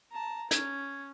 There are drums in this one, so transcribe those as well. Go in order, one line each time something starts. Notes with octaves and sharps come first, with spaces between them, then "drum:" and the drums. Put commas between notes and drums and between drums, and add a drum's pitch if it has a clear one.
A5 A#5
C#4 G#6, drum: hi-hat